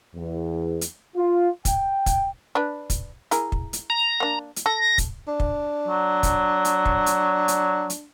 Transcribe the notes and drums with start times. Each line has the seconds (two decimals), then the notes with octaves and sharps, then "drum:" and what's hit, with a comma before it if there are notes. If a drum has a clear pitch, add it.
0.15 E2
0.81 drum: hi-hat
1.16 F4
1.65 G5, drum: kick, hi-hat
2.06 drum: kick, hi-hat
2.55 D4 B4
2.90 drum: kick, hi-hat
3.31 E4 G#4 A#4, drum: hi-hat
3.52 drum: kick
3.73 drum: hi-hat
3.90 A#5
4.20 A#3 D4
4.56 drum: hi-hat
4.66 A4 A#6
4.98 drum: kick, hi-hat
5.28 D4
5.40 drum: kick
5.88 F#3
6.23 drum: kick, hi-hat
6.65 drum: hi-hat
6.86 drum: kick
7.06 drum: hi-hat
7.48 drum: hi-hat
7.90 drum: hi-hat